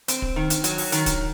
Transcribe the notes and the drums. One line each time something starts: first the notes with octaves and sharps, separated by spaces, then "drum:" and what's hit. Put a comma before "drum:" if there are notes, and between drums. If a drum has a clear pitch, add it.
C4, drum: hi-hat
drum: kick
D#3
drum: hi-hat
F#3, drum: hi-hat
drum: open hi-hat
D#3, drum: hi-hat
drum: kick, hi-hat